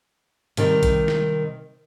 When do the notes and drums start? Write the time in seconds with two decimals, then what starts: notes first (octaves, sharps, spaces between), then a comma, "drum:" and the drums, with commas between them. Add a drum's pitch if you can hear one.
0.57 C3 D#3 G3, drum: hi-hat
0.83 drum: kick A#1, hi-hat
1.08 drum: snare